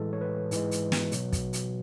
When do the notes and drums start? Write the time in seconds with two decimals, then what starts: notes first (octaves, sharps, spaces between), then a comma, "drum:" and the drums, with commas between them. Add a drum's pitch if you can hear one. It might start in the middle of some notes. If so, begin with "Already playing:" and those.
Already playing: A2 E3 G#3 A4
0.13 C#5
0.21 B4
0.51 G#2 E3 G#3, drum: hi-hat
0.71 drum: hi-hat
0.92 drum: snare
1.12 B2 F#3, drum: hi-hat
1.33 drum: kick, hi-hat
1.53 drum: hi-hat